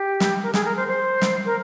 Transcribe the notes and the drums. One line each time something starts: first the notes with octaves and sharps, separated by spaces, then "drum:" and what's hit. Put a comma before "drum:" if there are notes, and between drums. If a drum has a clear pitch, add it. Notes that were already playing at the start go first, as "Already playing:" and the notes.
Already playing: G4
drum: snare
A#4
G#4, drum: snare
A#4
C5
C5
drum: snare
A#4